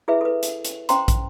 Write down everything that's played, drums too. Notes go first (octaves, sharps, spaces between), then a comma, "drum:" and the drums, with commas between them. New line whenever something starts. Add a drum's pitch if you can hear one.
E4 G#4 B4 E5
A4 B4
drum: hi-hat
drum: hi-hat
C#4 C5 G5 A#5 C6, drum: hi-hat
drum: kick, hi-hat